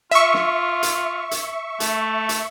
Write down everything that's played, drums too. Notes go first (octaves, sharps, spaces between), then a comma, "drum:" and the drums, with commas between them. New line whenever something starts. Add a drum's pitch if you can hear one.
F4 E5 C#6
drum: snare
drum: hi-hat
drum: hi-hat
A3, drum: hi-hat
drum: hi-hat